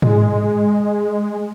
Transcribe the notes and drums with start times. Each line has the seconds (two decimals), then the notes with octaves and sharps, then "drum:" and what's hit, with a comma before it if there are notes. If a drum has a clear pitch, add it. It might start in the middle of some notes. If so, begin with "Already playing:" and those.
0.02 G#3, drum: tom G#2